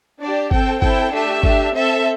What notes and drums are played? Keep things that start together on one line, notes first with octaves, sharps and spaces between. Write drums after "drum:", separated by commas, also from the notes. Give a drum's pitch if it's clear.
D4 G4 D5
C4 A4 G5, drum: kick G1
C4 E4 A4 G5, drum: kick G1
A3 D4 G4 E5
D4 G4, drum: kick G1
C4 A4 E5